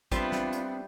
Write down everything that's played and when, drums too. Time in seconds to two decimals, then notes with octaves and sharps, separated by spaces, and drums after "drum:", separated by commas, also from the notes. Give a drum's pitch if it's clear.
0.12 G3 B3 C4 D4 F4 E5, drum: kick, hi-hat
0.32 drum: snare
0.53 drum: hi-hat